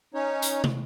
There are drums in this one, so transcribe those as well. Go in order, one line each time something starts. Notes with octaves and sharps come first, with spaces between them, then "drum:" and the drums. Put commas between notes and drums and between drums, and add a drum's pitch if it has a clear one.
C#4 D#4 C#5
drum: hi-hat
drum: tom